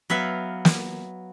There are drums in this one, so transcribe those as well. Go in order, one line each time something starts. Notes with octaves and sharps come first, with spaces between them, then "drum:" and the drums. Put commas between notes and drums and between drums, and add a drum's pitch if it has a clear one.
F#3 B3 E5 F5
drum: snare